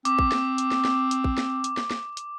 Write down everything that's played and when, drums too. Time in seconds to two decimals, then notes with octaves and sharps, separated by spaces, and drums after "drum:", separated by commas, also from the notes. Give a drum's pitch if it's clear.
0.05 C4 D6, drum: hi-hat
0.19 drum: kick
0.32 drum: snare
0.58 drum: hi-hat
0.71 drum: snare
0.85 drum: snare
1.11 drum: hi-hat
1.24 drum: kick
1.38 drum: snare
1.64 drum: hi-hat
1.77 drum: snare
1.91 drum: snare
2.17 drum: hi-hat